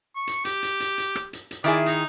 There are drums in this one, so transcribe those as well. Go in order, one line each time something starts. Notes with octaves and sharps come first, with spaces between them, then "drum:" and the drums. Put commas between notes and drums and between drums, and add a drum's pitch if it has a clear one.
C#6
drum: hi-hat
G4, drum: hi-hat
drum: hi-hat
drum: hi-hat
drum: hi-hat
drum: rim click
drum: hi-hat
drum: hi-hat
D#3 E4 G#4 D5
D#4, drum: hi-hat